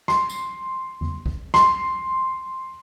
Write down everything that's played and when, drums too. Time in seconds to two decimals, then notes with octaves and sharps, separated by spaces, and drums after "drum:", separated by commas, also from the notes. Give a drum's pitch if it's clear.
0.08 C6, drum: snare
0.30 drum: tambourine
1.01 drum: tom E2
1.26 drum: kick G#1
1.54 C6, drum: snare